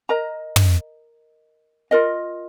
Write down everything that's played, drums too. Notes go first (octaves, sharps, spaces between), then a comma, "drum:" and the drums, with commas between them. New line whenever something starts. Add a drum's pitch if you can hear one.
A#4 D#5 A#5
drum: tom
F4 A#4 D#5